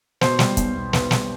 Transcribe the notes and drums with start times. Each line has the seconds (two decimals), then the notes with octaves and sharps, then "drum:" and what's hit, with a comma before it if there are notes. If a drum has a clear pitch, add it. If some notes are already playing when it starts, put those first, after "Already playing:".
0.21 B2 C5, drum: snare
0.39 G3, drum: snare
0.57 B1, drum: kick, hi-hat
0.75 B1
0.93 B1 B4, drum: snare
1.11 G3, drum: snare